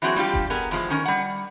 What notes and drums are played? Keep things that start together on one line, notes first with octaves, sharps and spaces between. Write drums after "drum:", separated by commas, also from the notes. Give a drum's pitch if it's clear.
E3 F#3 C4 F#4 G#4
G3 D4 F4 G4, drum: snare
drum: kick F1
B3 G#4 A#4
E2 F3 G#3
D#3 C#4 A#4
G3 F#5